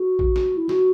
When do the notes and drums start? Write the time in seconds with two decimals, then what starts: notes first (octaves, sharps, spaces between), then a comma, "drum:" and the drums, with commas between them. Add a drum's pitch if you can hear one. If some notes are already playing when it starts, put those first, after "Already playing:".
Already playing: F#4
0.19 drum: kick A#1
0.36 drum: snare
0.57 E4
0.69 F#4, drum: snare